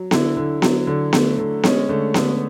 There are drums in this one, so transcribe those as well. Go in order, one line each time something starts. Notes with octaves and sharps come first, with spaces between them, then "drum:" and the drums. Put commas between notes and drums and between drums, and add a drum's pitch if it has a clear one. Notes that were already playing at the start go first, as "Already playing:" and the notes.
Already playing: F#3
D3 E4, drum: snare B3
D3
F#3, drum: snare B3
D3
A3, drum: snare B3
D3
G#3 C#4, drum: snare B3
D3 A3
D3 B3, drum: snare B3